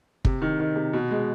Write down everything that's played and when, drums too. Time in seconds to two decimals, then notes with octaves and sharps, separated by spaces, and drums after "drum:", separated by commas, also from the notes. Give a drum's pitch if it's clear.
0.25 C3, drum: kick
0.42 D#3
0.60 D#3
0.76 C3
0.93 B2
1.11 G#3